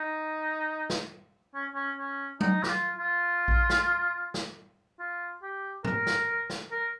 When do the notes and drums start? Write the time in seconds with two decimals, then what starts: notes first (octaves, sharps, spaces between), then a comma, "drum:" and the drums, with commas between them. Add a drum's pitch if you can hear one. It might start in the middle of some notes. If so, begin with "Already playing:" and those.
Already playing: D#4
0.90 drum: snare
1.55 C#4
1.75 C#4
1.98 C#4
2.41 D#4, drum: tom F#3
2.64 G4, drum: snare
2.69 F4
2.98 F4
3.48 drum: kick A#1
3.70 drum: snare
4.34 drum: snare
4.99 F4
5.42 G4
5.84 A#4, drum: tom G#2
6.07 drum: snare
6.50 drum: snare
6.71 A#4